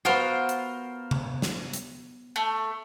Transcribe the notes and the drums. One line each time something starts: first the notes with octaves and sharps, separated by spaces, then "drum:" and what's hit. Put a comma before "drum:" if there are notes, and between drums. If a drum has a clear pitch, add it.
B3 F4 F#4 A#4 C5
drum: hi-hat
drum: tom C3
drum: snare
drum: hi-hat
A3